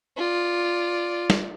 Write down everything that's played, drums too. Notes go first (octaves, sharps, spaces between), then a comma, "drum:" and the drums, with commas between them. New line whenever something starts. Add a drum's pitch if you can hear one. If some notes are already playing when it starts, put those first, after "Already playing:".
F4 D5
drum: snare